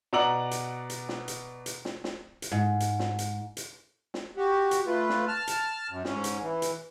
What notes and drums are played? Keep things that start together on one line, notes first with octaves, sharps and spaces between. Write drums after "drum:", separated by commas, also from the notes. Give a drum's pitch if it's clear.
B2 D5 F#5 A#5 D6 F#7
drum: hi-hat
drum: hi-hat
drum: snare
drum: hi-hat
drum: hi-hat
drum: snare
drum: snare
drum: hi-hat
G#2
drum: hi-hat
drum: snare
drum: hi-hat
drum: hi-hat
drum: snare
F#4 G4
drum: hi-hat
A3 F4 B4
drum: snare
A5 F6
drum: hi-hat
F#2
G#2 C#4, drum: snare
drum: hi-hat
E3
drum: hi-hat